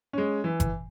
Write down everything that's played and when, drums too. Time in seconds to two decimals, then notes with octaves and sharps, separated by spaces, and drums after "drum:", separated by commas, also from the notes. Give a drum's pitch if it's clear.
0.13 G#3 C#4
0.44 E3
0.60 drum: kick G1, hi-hat